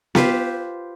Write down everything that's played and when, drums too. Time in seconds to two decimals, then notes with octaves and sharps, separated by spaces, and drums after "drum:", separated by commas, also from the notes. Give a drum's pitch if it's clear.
0.15 F4 G4 B4 C5, drum: snare B3